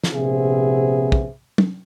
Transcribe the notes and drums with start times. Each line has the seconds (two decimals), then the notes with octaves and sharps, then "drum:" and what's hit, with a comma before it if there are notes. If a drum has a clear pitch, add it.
0.04 drum: snare
0.14 A#1 C3 B3 C4 G#4 E5
1.12 drum: kick
1.58 drum: tom